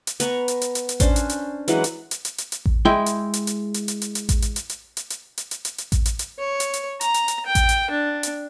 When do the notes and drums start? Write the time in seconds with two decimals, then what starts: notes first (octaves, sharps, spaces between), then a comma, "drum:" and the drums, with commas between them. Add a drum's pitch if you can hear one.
0.07 drum: hi-hat
0.20 B3 A#5 C#6, drum: hi-hat
0.48 drum: hi-hat
0.62 drum: hi-hat
0.75 drum: hi-hat
0.89 drum: hi-hat
1.00 C#4 D4 C5, drum: kick A1, hi-hat
1.16 drum: hi-hat
1.30 drum: hi-hat
1.68 E3 F#3 G#3 F#5, drum: hi-hat
1.84 drum: hi-hat
2.11 drum: hi-hat
2.25 drum: hi-hat
2.38 drum: hi-hat
2.52 drum: hi-hat
2.66 drum: kick A1
2.85 G#3 E4 G5
3.06 drum: hi-hat
3.34 drum: hi-hat
3.47 drum: hi-hat
3.74 drum: hi-hat
3.88 drum: hi-hat
4.02 drum: hi-hat
4.15 drum: hi-hat
4.29 drum: kick A1, hi-hat
4.42 drum: hi-hat
4.56 drum: hi-hat
4.70 drum: hi-hat
4.97 drum: hi-hat
5.10 drum: hi-hat
5.38 drum: hi-hat
5.51 drum: hi-hat
5.65 drum: hi-hat
5.78 drum: hi-hat
5.92 drum: kick A1, hi-hat
6.06 drum: hi-hat
6.19 drum: hi-hat
6.39 C#5
6.60 drum: hi-hat
6.74 drum: hi-hat
7.01 A#5, drum: hi-hat
7.14 drum: hi-hat
7.28 drum: hi-hat
7.45 G5
7.55 drum: kick A1, hi-hat
7.69 drum: hi-hat
7.90 D4
8.23 drum: hi-hat